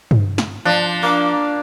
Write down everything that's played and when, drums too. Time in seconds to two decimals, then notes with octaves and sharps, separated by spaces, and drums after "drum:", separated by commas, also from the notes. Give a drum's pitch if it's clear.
0.11 drum: tom G2
0.38 drum: snare
0.65 F3 D4
1.03 A#3 D4 D6